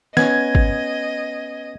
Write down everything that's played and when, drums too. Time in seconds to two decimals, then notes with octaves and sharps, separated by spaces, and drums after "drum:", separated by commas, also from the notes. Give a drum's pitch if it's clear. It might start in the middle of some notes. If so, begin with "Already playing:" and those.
0.17 B3 C#4 D#5 G#6, drum: snare
0.55 drum: kick